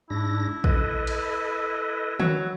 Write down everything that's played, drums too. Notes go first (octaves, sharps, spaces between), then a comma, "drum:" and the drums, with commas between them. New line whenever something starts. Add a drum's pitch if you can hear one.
G#2 D4 E4 A#6
A4 B4 D#5, drum: kick
drum: cymbal
F#3, drum: tom D#3